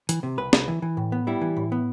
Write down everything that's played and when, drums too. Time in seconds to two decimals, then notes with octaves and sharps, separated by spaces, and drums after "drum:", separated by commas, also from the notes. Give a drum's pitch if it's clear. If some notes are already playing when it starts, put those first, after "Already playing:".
0.09 E3, drum: hi-hat
0.23 C3
0.38 C2 B4
0.53 C2, drum: snare
0.68 E3
0.82 E3
0.97 A2
1.12 B3
1.27 G3 E4
1.41 E3
1.57 A2
1.72 B3